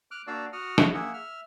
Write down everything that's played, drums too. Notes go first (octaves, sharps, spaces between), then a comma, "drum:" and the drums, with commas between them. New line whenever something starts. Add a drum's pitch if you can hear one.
D6 F6 F#6
A#3 D4 F#4 D5 F5 E6
F#4 F#5 D#6 F6
drum: snare
A#3 G#4 E5 F#5
E5 F6